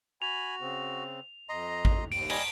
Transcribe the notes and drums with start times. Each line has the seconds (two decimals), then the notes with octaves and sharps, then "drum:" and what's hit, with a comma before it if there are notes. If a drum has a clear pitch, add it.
0.22 F#4 G#5 B5 F7
0.61 C#3 C4
1.49 F2 D#5 A#5 C6
1.85 drum: kick G#1
2.12 D#2 D7, drum: open hi-hat
2.30 G3 D#5 G#5, drum: cymbal